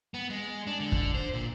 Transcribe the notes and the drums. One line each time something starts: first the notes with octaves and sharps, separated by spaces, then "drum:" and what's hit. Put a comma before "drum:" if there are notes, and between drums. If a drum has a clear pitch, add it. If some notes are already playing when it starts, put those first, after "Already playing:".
B3
G#3
D4
D3
drum: kick
C5
A#2